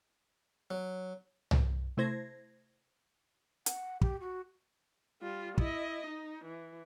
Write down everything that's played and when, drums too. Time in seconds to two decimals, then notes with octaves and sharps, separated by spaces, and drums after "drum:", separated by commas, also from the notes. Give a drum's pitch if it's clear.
0.71 F#3
1.51 drum: tom C2
1.97 C3 A3 E4 C5 G#6 A#6
3.66 F#5, drum: hi-hat
4.01 G4, drum: kick
4.20 F#4
5.22 G3 F4
5.58 E4 D#5, drum: kick
6.07 D#4
6.45 E3